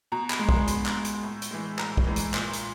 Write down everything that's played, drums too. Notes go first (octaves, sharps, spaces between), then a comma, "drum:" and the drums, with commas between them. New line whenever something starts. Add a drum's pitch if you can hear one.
B2 A#5
B5, drum: clap
G#3
C6, drum: kick
B2 B5, drum: hi-hat
drum: clap
G#3
drum: hi-hat
A2
drum: hi-hat
E3 G#3
A2 A#5, drum: clap
drum: kick
E3 G#3
drum: hi-hat
A#2, drum: clap
drum: hi-hat